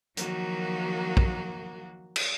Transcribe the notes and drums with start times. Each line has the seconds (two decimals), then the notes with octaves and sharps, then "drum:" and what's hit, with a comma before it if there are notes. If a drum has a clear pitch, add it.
0.17 D#3 F3 F#3 A#3 F#4, drum: hi-hat
1.17 drum: kick
2.16 drum: cymbal